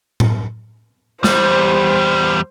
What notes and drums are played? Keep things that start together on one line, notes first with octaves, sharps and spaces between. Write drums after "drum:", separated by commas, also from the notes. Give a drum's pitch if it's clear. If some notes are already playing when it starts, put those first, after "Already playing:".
drum: tom A2
E2 G3 C5, drum: snare